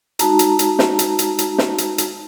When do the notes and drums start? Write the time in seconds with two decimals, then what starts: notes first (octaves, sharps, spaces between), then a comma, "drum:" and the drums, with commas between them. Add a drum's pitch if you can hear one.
0.19 G#3 D#4 F#4 A5 A#5, drum: hi-hat
0.39 drum: hi-hat
0.59 drum: hi-hat
0.79 drum: snare
0.99 drum: hi-hat
1.19 drum: hi-hat
1.39 drum: hi-hat
1.58 drum: snare
1.78 drum: hi-hat
1.98 drum: hi-hat